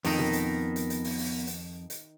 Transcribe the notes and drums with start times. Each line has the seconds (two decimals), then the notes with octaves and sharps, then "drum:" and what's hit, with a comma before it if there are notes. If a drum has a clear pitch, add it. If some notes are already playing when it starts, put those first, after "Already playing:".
0.05 F2 D#3 B3 D#4 A#4, drum: open hi-hat
0.19 drum: tom
0.33 drum: hi-hat
0.76 drum: hi-hat
0.90 drum: hi-hat
1.04 drum: open hi-hat
1.19 drum: open hi-hat
1.47 drum: hi-hat
1.90 drum: hi-hat